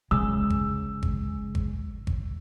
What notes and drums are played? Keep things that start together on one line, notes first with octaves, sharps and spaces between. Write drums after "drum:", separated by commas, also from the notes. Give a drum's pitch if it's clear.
C#3 G#3 E6
drum: kick G#1
drum: kick G#1
drum: kick G#1
drum: kick G#1